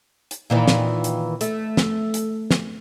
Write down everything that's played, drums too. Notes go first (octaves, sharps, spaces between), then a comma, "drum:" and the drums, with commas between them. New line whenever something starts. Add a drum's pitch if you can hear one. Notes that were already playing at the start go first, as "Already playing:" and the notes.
drum: hi-hat
A#2 D#3 E3
drum: snare
drum: hi-hat
A3, drum: hi-hat
drum: snare
drum: hi-hat
drum: snare